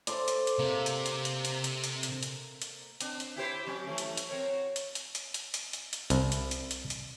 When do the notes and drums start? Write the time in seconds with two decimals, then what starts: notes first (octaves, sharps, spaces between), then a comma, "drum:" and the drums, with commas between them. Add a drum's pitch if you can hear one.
0.07 A4 C5 D5, drum: hi-hat
0.28 drum: hi-hat
0.47 drum: hi-hat
0.59 C3 A#3
0.86 drum: hi-hat
1.06 drum: hi-hat
1.25 drum: hi-hat
1.45 drum: hi-hat
1.64 drum: hi-hat
1.84 drum: hi-hat
2.03 drum: hi-hat
2.23 drum: hi-hat
2.62 drum: hi-hat
3.01 C4 D4, drum: hi-hat
3.20 drum: hi-hat
3.36 E4 G4 C5
3.67 F#3 C#4
3.87 E3 A3
3.98 drum: hi-hat
4.17 drum: hi-hat
4.29 C4 A#4 C#5
4.50 F#4
4.76 drum: hi-hat
4.95 drum: hi-hat
5.15 drum: hi-hat
5.34 drum: hi-hat
5.54 drum: hi-hat
5.73 drum: hi-hat
5.93 drum: hi-hat
6.10 C2, drum: hi-hat
6.32 drum: hi-hat
6.51 drum: hi-hat
6.71 drum: hi-hat
6.90 drum: hi-hat